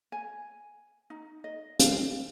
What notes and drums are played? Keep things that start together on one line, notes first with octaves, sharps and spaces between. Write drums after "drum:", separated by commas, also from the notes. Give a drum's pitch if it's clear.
G#5
D#4
D#5
F5, drum: hi-hat